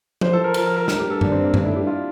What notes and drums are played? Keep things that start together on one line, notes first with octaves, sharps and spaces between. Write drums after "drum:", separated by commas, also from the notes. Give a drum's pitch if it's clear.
F3 C5, drum: tom F3
E3 A4
F3 A#4
A#4, drum: cymbal
F3
A#4
A#4
G2 A#4, drum: snare
A2 G4
G2 A4
D4, drum: tom F#2
C4
A#3
G2 D4, drum: tom F#2
A2 E4
G2 G4
F4